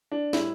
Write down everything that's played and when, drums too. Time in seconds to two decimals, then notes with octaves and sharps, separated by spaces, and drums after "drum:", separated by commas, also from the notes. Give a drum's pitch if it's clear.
0.11 D4
0.33 A2 G3 E4, drum: snare